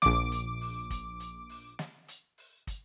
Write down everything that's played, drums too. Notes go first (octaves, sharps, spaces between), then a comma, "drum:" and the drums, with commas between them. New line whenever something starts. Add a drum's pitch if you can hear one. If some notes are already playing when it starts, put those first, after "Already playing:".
A#1 D6, drum: snare
drum: hi-hat
drum: open hi-hat
drum: kick, hi-hat
drum: hi-hat
drum: open hi-hat
drum: snare
drum: hi-hat
drum: open hi-hat
drum: kick, hi-hat